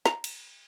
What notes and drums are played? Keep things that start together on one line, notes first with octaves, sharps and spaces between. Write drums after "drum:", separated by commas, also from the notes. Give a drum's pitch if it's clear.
A#5, drum: snare
drum: cymbal